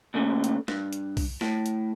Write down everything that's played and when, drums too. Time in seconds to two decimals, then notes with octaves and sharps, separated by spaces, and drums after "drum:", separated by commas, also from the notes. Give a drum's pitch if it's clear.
0.14 A#2 C#3 A3
0.44 drum: hi-hat
0.68 G2, drum: snare
0.93 drum: hi-hat
1.17 drum: kick B1, open hi-hat
1.41 A2, drum: snare
1.66 drum: hi-hat